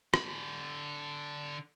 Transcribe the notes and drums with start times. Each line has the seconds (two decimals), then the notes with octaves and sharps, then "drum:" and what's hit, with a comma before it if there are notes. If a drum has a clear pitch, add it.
0.14 D3 B5, drum: rim click